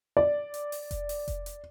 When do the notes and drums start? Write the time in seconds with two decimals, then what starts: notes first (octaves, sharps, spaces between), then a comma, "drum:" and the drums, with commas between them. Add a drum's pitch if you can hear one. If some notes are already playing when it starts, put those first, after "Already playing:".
0.17 D5
0.54 drum: hi-hat
0.72 drum: open hi-hat
0.91 drum: kick F1, hi-hat
1.09 drum: open hi-hat
1.28 drum: kick F1, hi-hat
1.46 drum: hi-hat